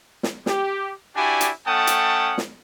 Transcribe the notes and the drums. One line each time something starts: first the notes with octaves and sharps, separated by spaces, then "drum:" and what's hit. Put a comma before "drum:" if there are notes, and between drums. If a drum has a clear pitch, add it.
drum: snare
G4, drum: snare
D4 E4 F#4 G4 D5 G#5
drum: hi-hat
A3 C#4 F#5 G5 A5 D#6
drum: hi-hat
drum: snare